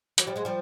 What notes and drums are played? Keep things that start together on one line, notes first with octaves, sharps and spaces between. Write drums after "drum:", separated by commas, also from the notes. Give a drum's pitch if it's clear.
E3 F#3, drum: hi-hat
F3 G3
F#3 G#3
F3 G3